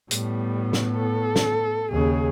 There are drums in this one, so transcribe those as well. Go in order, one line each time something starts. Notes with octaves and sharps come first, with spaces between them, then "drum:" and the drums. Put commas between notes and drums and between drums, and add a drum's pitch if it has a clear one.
A2 G3 B3, drum: hi-hat
drum: snare
A4
drum: snare
D#2 C#3 G#4